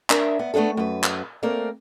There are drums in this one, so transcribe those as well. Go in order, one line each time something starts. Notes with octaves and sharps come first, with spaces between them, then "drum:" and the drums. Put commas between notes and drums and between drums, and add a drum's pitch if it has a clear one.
D4 A#4 E5, drum: clap
B3
A3 B3 D4 G#4 A4
F#2 B4
drum: clap
A3 A#3 C4 A#4 D5